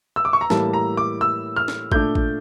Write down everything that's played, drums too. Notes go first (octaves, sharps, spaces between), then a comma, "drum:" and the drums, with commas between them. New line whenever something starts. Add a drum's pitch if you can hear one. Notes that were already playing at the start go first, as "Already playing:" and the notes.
E6
D6
C#6
A#5
A2 E3 G3 A#3 A5, drum: snare
A#5
D6
E6
F6
drum: snare
A#2 A3 D4 G6, drum: kick
drum: kick